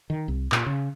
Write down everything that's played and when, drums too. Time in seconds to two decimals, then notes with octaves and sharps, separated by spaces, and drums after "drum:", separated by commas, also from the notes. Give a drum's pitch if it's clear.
0.10 D#3
0.28 C2
0.52 A#2, drum: clap
0.66 C#3